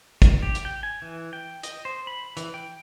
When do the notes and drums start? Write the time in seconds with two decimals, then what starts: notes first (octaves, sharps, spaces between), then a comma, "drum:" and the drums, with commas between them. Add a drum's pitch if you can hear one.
0.22 D#3, drum: kick, hi-hat
0.42 G4
0.55 drum: hi-hat
0.65 G5
0.83 G#5
1.02 E3
1.33 G5
1.63 D#5, drum: hi-hat
1.85 C5
2.07 B5
2.37 E3, drum: hi-hat
2.54 G5